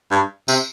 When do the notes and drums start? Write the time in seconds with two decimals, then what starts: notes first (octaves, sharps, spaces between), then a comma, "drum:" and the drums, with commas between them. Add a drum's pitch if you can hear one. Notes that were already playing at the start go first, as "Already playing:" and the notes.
0.11 G2
0.48 C3, drum: tambourine